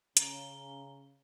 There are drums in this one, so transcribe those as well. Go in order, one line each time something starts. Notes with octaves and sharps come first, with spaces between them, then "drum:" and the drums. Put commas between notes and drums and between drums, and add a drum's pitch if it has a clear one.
C#3 C#4 A#5 G7, drum: hi-hat